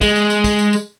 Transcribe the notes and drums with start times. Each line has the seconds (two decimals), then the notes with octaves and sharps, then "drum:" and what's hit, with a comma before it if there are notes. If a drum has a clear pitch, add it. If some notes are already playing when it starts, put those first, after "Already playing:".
0.01 G#3, drum: kick, tambourine
0.16 drum: tambourine
0.30 drum: tambourine
0.44 drum: kick, tambourine
0.59 drum: tambourine
0.73 drum: tambourine